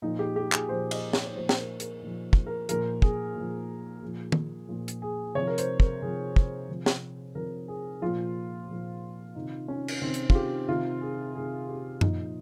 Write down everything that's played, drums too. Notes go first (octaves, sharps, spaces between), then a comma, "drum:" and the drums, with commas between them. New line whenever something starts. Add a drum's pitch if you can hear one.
A#2 F3 D#4
G4
G4
G#4, drum: clap
A#2 F3 C5
D#5, drum: cymbal
C#5, drum: snare
C#5
A#2 F3 C5
C5, drum: snare
A#4
A#4, drum: hi-hat
A#2 F3
drum: kick
A#4
A#2 F3 A#4, drum: hi-hat
G#4, drum: kick
A#2 F3
A#2 F3
drum: tom
A#2 F3
drum: hi-hat
G#4
C3 F3 C#5
A#4
C5, drum: hi-hat
A#4, drum: kick
C3 F3 G#4
drum: kick
C3 F3
drum: snare
C3 F3 A#4
G#4
A#2 F3 F4
A#2 F3
C3 D#3 D#4
C#4
drum: cymbal
C3 D#3 C4
drum: hi-hat
F4, drum: kick
G4
C3 D#3 F4
G#4
C3 D#3 G#4
G4
A#2 F3 D#4, drum: tom F#2